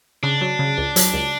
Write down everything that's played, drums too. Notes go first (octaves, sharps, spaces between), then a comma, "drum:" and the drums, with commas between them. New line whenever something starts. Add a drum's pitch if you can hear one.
C#3 D4
F#3
C#3
C#2
F#3, drum: hi-hat
C#2